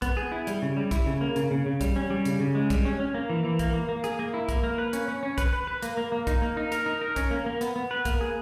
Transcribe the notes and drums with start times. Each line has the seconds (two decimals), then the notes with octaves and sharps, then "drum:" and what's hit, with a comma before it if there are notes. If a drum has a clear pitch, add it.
0.02 B3, drum: kick, hi-hat
0.17 G#4
0.32 E4
0.47 G3, drum: hi-hat
0.62 C#3
0.77 G3
0.91 E4, drum: kick, hi-hat
1.06 C#3
1.21 A#3
1.36 C#3, drum: hi-hat
1.51 C#3
1.66 C#3
1.81 G3, drum: kick, hi-hat
1.96 C#4
2.10 G3
2.25 C#3, drum: hi-hat
2.40 C#3
2.55 G#3
2.70 G3, drum: kick, hi-hat
2.85 C#4
3.00 C#4
3.14 A#3
3.30 E3
3.44 E3
3.59 A#3, drum: kick, hi-hat
3.74 A#3
3.89 A#3
4.04 G#4, drum: hi-hat
4.19 A#3
4.34 E4
4.49 A#3, drum: kick, hi-hat
4.64 A#3
4.78 B4
4.93 C#4, drum: hi-hat
5.08 C#4
5.23 C#4
5.38 B4, drum: kick, hi-hat
5.53 B4
5.67 B4
5.82 A#3, drum: hi-hat
5.97 A#3
6.12 A#3
6.27 D#4, drum: kick, hi-hat
6.42 A#3
6.57 D#4
6.72 A#4, drum: hi-hat
6.86 D#4
7.02 A#4
7.16 C#4, drum: kick, hi-hat
7.31 A#3
7.46 A#3
7.61 B3, drum: hi-hat
7.76 B3
7.91 B4
8.05 A#3, drum: kick, hi-hat
8.21 G#4